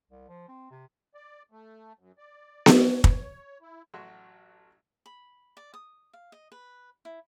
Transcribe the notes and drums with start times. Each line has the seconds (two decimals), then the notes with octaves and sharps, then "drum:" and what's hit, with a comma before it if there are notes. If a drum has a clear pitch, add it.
0.11 C2
0.28 F3
0.48 C4
0.71 C3
1.14 D5
1.52 A3
1.99 F#2
2.18 D5
2.66 drum: snare B3
2.82 C#5
3.04 drum: kick
3.61 E4
3.94 A1 F#3 A3 F#4 C6
5.06 B5
5.57 D5
5.74 D#6
6.13 F5
6.32 D#5
6.52 B4
7.05 E4